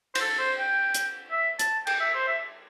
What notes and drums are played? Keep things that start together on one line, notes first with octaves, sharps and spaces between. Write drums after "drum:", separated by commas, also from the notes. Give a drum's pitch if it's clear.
C5, drum: cymbal
A4
C5
G5
drum: hi-hat
E5
A5, drum: hi-hat
G5, drum: cymbal
E5
C5
E5